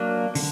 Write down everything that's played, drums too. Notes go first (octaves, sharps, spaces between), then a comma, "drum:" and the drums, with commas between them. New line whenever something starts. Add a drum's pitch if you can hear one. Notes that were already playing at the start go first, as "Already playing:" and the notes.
Already playing: F#3 A#3 D4
D3, drum: open hi-hat